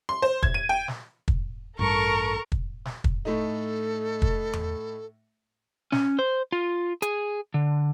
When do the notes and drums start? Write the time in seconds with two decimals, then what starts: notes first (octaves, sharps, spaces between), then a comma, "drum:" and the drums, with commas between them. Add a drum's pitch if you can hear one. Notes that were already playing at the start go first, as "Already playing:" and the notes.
0.09 C6
0.22 C5
0.43 G#6, drum: kick
0.54 D#7
0.69 G5
0.88 drum: snare
1.28 drum: kick
1.79 A1 G2 G3 A4 A#4 A#5 C#6
2.52 drum: kick
2.85 drum: snare
3.04 drum: kick
3.25 A2 A3 D#4 A4
4.22 drum: kick
4.53 drum: tom E2
5.92 C#4, drum: snare
6.19 C5
6.52 F4
7.02 G#4, drum: hi-hat
7.54 D3